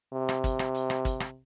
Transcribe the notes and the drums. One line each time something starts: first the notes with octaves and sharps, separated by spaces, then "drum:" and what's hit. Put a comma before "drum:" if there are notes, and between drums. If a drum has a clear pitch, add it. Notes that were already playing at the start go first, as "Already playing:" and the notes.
C3
drum: rim click
drum: kick, hi-hat
drum: rim click
drum: hi-hat
drum: rim click
drum: kick, hi-hat
drum: rim click